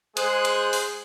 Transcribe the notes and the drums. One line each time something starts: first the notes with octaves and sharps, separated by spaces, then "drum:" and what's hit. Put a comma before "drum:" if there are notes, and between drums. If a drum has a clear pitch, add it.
G#3 G#4 C5 D#6 F#6, drum: hi-hat
drum: hi-hat
drum: open hi-hat